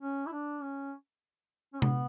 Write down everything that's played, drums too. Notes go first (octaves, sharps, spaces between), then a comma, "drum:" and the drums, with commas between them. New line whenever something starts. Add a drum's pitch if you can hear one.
C#4
E4
D4
C#4
C#4
B3, drum: tom C3